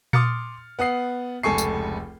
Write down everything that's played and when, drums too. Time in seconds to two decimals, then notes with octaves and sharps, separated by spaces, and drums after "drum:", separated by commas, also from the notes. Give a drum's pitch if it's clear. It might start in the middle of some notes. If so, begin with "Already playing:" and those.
0.13 C6 D6 D#6 F6 A6 C#7, drum: tom A#2
0.79 B3 F#5 D#6 C7
1.43 F1 C#2 A4 G#5 C#6 C7
1.58 drum: tambourine